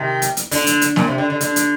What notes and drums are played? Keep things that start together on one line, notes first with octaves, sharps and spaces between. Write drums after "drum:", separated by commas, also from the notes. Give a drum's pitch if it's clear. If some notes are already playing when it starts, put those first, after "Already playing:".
Already playing: C3 D#3
drum: hi-hat
drum: hi-hat
D3, drum: open hi-hat
drum: hi-hat
drum: hi-hat
A#2, drum: snare
C3
D3
D3
D3, drum: hi-hat
drum: hi-hat